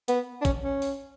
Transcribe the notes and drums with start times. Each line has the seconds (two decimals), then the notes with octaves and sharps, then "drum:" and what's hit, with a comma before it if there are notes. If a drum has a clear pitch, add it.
0.08 B3, drum: hi-hat
0.41 D4
0.45 C#4, drum: kick A1, hi-hat
0.63 C#4
0.82 drum: open hi-hat